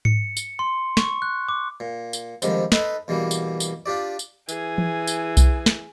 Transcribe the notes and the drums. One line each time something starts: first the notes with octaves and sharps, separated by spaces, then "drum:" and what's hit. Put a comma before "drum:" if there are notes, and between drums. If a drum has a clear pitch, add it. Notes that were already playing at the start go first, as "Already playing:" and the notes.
C#7, drum: tom G#2
drum: tambourine
C6
C#6, drum: snare
F#6
D6
A#2
drum: tambourine
F2 G#2 D3 D#3 G3, drum: tambourine
D#4 A4 B4 C6, drum: snare
E2 B2 E3 G3 A#3
drum: tambourine
drum: tambourine
D4 F4 G4 D5
drum: tambourine
E3 G#4, drum: tambourine
drum: tom E3
drum: tambourine
drum: kick B1, tambourine
drum: snare